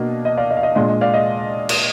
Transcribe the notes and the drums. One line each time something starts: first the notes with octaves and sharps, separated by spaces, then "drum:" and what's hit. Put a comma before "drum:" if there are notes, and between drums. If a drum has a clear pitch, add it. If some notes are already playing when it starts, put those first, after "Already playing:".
Already playing: B2 A#3 D4 D#5
D#5
D5 F5
D#5
F5
D#5
A#2 G#3 D4 D#5
D#5
D5 F5
D#5
drum: cymbal